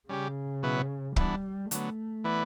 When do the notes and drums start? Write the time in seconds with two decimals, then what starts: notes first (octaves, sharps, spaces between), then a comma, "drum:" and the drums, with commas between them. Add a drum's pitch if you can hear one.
0.09 C#3 G3 C#4 G4
0.63 B2 F#3 B3 E4 B4
1.16 E3 G3 B3 D4, drum: kick
1.71 D3 F#3 A3 B3, drum: hi-hat
2.24 E3 B3 E4 B4 D5